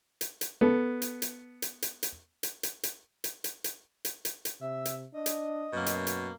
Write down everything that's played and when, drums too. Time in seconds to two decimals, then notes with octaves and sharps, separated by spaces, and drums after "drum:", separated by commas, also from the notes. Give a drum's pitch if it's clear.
0.21 drum: hi-hat
0.41 drum: hi-hat
0.61 B3 A4
1.02 drum: hi-hat
1.22 drum: hi-hat
1.62 drum: hi-hat
1.82 drum: hi-hat
2.03 drum: hi-hat
2.43 drum: hi-hat
2.63 drum: hi-hat
2.83 drum: hi-hat
3.24 drum: hi-hat
3.44 drum: hi-hat
3.64 drum: hi-hat
4.05 drum: hi-hat
4.25 drum: hi-hat
4.45 drum: hi-hat
4.61 C3 E5
4.85 drum: hi-hat
5.14 D4 D#5
5.26 drum: hi-hat
5.74 F#2 B2 A#3
5.86 drum: hi-hat
6.07 drum: hi-hat